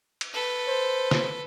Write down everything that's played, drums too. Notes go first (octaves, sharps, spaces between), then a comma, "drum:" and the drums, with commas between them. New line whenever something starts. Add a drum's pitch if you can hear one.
drum: cymbal
A4 B4
C5
drum: snare